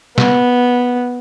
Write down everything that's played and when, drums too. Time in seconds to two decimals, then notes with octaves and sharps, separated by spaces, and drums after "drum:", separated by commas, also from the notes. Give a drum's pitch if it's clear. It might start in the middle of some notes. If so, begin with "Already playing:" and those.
0.18 B3, drum: snare